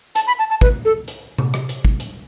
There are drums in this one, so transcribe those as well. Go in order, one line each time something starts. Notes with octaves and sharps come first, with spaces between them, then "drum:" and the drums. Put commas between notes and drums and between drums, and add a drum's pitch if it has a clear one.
A5, drum: hi-hat
B5
A5
A5
B4, drum: kick
A4
drum: hi-hat
drum: tom C3
drum: rim click
drum: hi-hat
drum: kick
drum: hi-hat